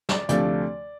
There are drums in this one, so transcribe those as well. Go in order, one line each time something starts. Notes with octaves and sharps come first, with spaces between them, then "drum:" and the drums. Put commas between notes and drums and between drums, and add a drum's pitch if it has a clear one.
D5, drum: snare
D2 C3 F3 A3 D5, drum: hi-hat